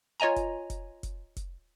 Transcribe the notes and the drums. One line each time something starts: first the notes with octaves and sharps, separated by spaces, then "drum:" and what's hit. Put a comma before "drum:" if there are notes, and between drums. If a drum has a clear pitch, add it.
F4 C#5 D#5 G#5 A#5
drum: kick F1, hi-hat
drum: kick F1, hi-hat
drum: kick F1, hi-hat
drum: kick F1, hi-hat